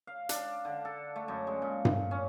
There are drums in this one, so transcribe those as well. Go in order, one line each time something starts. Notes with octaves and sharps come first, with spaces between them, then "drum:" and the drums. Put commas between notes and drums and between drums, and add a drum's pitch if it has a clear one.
F5
D4, drum: hi-hat
D3
A4
A3
F#2
G#3
A#2
drum: tom G2
C#4